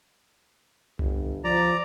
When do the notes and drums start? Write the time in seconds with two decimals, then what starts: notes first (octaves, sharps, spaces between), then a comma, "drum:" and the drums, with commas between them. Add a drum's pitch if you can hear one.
0.99 G1, drum: tom C2
1.44 F3 D5 A#5